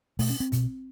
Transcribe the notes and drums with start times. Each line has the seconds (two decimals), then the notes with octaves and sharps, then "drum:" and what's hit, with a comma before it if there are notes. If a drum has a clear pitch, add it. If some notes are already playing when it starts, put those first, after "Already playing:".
0.19 B2 A3, drum: open hi-hat
0.30 C#4
0.40 C4
0.52 B2, drum: kick, hi-hat